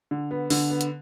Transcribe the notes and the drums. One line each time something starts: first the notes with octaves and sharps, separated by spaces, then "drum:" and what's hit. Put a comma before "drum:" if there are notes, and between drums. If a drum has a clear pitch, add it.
D3
B3
D3, drum: open hi-hat
B3
drum: hi-hat